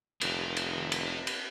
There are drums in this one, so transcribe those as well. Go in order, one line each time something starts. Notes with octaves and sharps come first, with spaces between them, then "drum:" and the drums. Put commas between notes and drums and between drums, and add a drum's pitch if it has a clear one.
F1 D#3, drum: cymbal
drum: cymbal
drum: cymbal
drum: cymbal